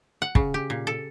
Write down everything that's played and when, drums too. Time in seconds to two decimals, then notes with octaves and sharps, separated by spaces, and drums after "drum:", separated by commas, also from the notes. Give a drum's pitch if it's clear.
0.22 F#5
0.35 C#3, drum: kick
0.54 G4
0.70 A#2
0.87 A4